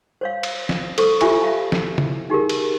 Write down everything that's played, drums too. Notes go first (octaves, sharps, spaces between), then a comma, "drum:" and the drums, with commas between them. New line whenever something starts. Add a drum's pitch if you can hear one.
C5 C#5 F5
drum: cymbal
drum: snare
A4 C5 C#6 D#6, drum: cymbal
F4 G4 E5 G#5 B5 C#6, drum: cymbal
E5 F5 A5
drum: snare
drum: tom C#3
D#4 G4 G#4 A#4
drum: cymbal